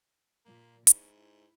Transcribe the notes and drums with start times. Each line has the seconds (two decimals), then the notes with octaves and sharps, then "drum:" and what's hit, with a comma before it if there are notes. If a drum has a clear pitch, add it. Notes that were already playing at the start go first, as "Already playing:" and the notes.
0.45 A#2 A#3
0.87 G#2 E4, drum: hi-hat